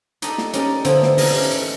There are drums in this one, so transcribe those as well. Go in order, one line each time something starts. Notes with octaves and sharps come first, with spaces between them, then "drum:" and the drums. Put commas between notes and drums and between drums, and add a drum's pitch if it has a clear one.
D4 D#4 G4 A4 D#5, drum: hi-hat
drum: snare
C#4 D#4 G4 A#4 D5, drum: hi-hat
D3 F3 B3 C4 E4, drum: hi-hat
drum: snare
E3 A3 A#4 D#5, drum: open hi-hat
C#4 D#4 G4
drum: hi-hat